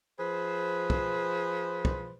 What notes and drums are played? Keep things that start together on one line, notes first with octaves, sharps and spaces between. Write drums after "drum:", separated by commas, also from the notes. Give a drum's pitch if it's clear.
F3 G#4 B4 C5
drum: kick
drum: kick